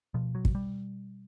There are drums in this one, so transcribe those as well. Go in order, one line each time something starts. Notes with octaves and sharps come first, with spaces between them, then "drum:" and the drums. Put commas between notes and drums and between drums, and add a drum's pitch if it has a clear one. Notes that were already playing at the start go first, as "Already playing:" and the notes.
B2 F3
F#3
drum: kick
G3